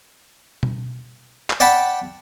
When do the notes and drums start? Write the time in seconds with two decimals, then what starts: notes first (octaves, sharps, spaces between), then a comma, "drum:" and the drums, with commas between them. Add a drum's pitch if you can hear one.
0.63 drum: tom B2
1.50 drum: clap
1.60 D5 F#5 G5 A5 B5